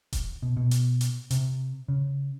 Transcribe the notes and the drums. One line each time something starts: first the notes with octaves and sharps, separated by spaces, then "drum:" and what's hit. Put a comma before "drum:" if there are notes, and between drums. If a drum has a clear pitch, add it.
drum: kick D#1, hi-hat
B2
B2
drum: hi-hat
drum: hi-hat
C3, drum: hi-hat
C#3